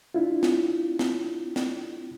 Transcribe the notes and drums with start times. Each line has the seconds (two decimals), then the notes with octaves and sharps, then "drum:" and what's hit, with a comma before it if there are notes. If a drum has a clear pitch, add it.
0.14 D4 E4 F4
0.43 drum: snare C4
0.99 drum: snare C4
1.56 drum: snare C4